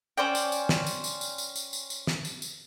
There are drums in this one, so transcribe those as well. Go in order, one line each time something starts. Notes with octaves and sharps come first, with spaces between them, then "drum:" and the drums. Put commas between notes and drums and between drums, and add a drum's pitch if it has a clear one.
C#4 C5 D5 G5
drum: tambourine
drum: tambourine
drum: snare
drum: tambourine
drum: tambourine
drum: tambourine
drum: tambourine
drum: tambourine
drum: tambourine
drum: tambourine
drum: snare
drum: tambourine
drum: tambourine